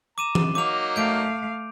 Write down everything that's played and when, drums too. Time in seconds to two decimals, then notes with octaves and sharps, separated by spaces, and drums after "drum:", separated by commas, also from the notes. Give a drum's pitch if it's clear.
0.18 A#5 D6 D#7 E7
0.35 drum: tom E3
0.55 F#3 A#3 D#4 D6 F7
0.96 A3 F5 G6 D7